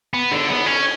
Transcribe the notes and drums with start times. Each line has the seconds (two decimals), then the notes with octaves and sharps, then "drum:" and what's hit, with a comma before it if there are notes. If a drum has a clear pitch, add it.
0.13 B3
0.31 D3, drum: cymbal
0.48 B3
0.66 C#4